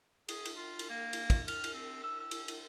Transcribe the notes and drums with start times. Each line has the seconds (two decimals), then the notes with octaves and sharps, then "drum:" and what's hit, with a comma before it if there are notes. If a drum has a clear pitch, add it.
0.29 G#4, drum: cymbal
0.45 drum: cymbal
0.56 F4
0.79 drum: cymbal
0.90 A#3
1.13 drum: cymbal
1.30 drum: kick, cymbal
1.48 F6, drum: cymbal
1.64 drum: cymbal
1.74 C4
2.04 E6
2.20 E6
2.31 drum: cymbal
2.48 drum: cymbal